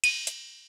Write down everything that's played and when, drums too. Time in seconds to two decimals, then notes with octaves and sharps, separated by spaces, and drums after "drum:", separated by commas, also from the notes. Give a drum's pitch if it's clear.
0.04 D#7, drum: cymbal
0.27 drum: hi-hat